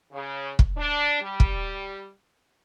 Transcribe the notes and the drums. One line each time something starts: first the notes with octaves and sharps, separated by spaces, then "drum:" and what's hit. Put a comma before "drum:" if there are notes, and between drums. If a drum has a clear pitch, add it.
C#3
drum: kick
D4
G3
drum: kick